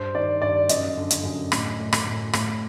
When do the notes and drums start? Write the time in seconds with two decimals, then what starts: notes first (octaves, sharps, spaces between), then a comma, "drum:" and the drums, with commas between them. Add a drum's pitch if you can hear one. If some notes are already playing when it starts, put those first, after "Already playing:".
Already playing: G2 C5
0.15 D#3 D5
0.42 G2 D5
0.69 F#2 D#5, drum: hi-hat
0.97 D3
1.10 drum: hi-hat
1.24 F#2
1.52 A2, drum: rim click
1.79 A2
1.93 drum: rim click
2.06 A2
2.33 A2, drum: rim click